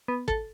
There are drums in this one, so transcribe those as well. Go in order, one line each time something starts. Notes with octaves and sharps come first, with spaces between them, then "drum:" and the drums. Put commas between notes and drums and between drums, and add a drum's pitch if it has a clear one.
B3
A4, drum: kick